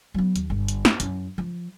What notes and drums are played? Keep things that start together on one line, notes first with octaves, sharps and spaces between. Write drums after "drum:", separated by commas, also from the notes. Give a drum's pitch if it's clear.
F#3 B3
D#2, drum: hi-hat
G1
drum: hi-hat
drum: snare
F#2 E4, drum: hi-hat
F3